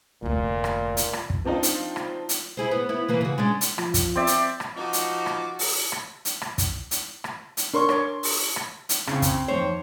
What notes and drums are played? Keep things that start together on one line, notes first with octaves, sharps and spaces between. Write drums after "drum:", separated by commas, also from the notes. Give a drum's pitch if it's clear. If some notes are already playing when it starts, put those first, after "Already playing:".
F1 D2 A#2
drum: rim click
drum: hi-hat
drum: rim click
drum: kick
F3 C4 D4 D#4 F4
drum: hi-hat
drum: rim click
drum: hi-hat
E4 G#4 C5
B3
B3 E4
E3 A#3 B4
C#3 F#4
G#3 C#4 D4
drum: hi-hat
F3, drum: rim click
drum: kick, hi-hat
C4 D5 E5
drum: hi-hat
drum: rim click
F3 D#4 F#4 D6
drum: hi-hat
drum: rim click
drum: open hi-hat
drum: rim click
drum: hi-hat
drum: rim click
drum: kick, hi-hat
drum: hi-hat
drum: rim click
drum: hi-hat
D4 A#4 C#5 C6 C#6
A#4 C#5 D6, drum: rim click
drum: open hi-hat
drum: rim click
drum: hi-hat
A2 C#3 C4 F5, drum: rim click
drum: kick, hi-hat
F2 D#3 C5 C#5